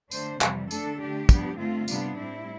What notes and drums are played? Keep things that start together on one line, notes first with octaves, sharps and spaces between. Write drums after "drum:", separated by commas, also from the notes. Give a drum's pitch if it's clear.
D3 A3 D4 C5, drum: tambourine
F2 C3 E3 G3, drum: clap
D3 A3 D4 A4, drum: tambourine
D3 A3 D4 G4
G2 F3 B3 D4, drum: kick, tambourine
D3 A3 C4 F4
C3 G3 B3 D4, drum: tambourine
A2 G3 C4 E4